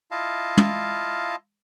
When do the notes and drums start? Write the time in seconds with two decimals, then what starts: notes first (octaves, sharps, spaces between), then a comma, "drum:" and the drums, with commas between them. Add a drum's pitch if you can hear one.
0.11 E4 F4 D#5 F5 A5
0.57 drum: tom